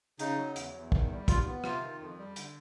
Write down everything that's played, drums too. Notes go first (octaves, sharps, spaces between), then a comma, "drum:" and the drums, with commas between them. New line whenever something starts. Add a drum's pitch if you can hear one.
C#3 D#4, drum: hi-hat
F#3
E2, drum: hi-hat
E2
D#3, drum: kick
G3
D#2 F4, drum: kick, hi-hat
B3
C3 F4, drum: rim click
D#3
F2
G3
D3, drum: hi-hat